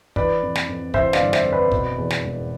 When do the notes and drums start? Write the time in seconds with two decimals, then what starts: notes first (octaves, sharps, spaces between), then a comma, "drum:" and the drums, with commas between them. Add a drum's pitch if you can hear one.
0.16 E3 B4 D5, drum: kick
0.43 F2
0.55 drum: snare
0.69 F2
0.94 E3 C5 E5, drum: kick
1.13 D5 F5, drum: snare
1.20 G1
1.33 C5 E5, drum: snare
1.45 F2
1.52 B4 D5
1.72 B2, drum: kick
1.98 E2
2.10 drum: snare
2.24 E1